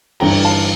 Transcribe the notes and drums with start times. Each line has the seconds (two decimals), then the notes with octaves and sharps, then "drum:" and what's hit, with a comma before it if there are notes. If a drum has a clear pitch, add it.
0.20 G1 G2 E3 G5 A#5, drum: cymbal
0.45 F5 A5